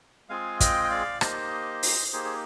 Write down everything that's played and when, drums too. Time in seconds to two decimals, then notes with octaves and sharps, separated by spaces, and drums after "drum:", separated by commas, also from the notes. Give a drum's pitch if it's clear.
0.29 G#3 C4 F4 G#4 F5 G#5
0.60 D#5 G5, drum: kick, hi-hat
0.84 G5
0.90 D5 F5
1.21 A#3 D#4 G4 C5 D#5, drum: rim click
1.83 drum: open hi-hat
2.13 A#3 D#4 G4 G#4 C5
2.25 G#4